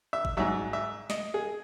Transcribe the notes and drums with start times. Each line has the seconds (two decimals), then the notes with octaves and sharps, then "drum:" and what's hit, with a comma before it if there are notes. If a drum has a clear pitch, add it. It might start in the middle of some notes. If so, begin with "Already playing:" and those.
0.13 E5
0.25 drum: kick G1
0.37 G#2 F#3 E5
0.73 E5
1.10 D#5, drum: snare
1.34 G#4